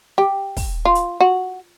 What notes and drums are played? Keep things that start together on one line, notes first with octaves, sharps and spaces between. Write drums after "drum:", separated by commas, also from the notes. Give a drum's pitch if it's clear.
G4, drum: snare
drum: kick, open hi-hat
F4
drum: hi-hat
F#4